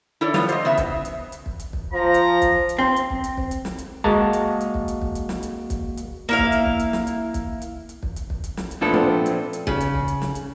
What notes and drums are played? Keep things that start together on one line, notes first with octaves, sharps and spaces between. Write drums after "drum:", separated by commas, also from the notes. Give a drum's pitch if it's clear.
E4 A4 C#5 D5
F3 G3 B3 F4 C#5, drum: snare
C5 D#5, drum: hi-hat
C#3 B3 E5
drum: kick, hi-hat
drum: hi-hat
drum: hi-hat
drum: kick
drum: hi-hat
drum: kick
F3 A#5
drum: hi-hat
drum: kick, hi-hat
drum: hi-hat
C4
drum: hi-hat
drum: kick
drum: hi-hat
drum: kick
drum: hi-hat
drum: snare
drum: hi-hat
G#3 A#3 F#4 A5 A#5, drum: kick
drum: hi-hat
drum: hi-hat
drum: kick
drum: hi-hat
drum: kick
drum: hi-hat
drum: snare
drum: hi-hat
drum: kick, hi-hat
drum: hi-hat
A#3 E4 F5
drum: kick
drum: hi-hat
drum: kick
drum: hi-hat
drum: snare
drum: hi-hat
drum: kick, hi-hat
drum: hi-hat
drum: hi-hat
drum: kick
drum: hi-hat
drum: kick
drum: hi-hat
drum: snare
drum: hi-hat
A#2 F3 A3 B3 D4 A4
C4
drum: hi-hat
drum: hi-hat
C#3, drum: kick
drum: hi-hat
drum: kick
drum: hi-hat
drum: snare
drum: hi-hat